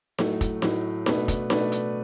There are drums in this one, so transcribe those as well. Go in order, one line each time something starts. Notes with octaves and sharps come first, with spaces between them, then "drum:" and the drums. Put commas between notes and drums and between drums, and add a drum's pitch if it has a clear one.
A2 F#3 A3, drum: snare D#4
drum: kick, hi-hat
A2 F#3 A3, drum: snare D#4
B2 A3 D4 B4, drum: snare D#4
drum: kick, hi-hat
B2 A3 D4 B4, drum: snare D#4
drum: hi-hat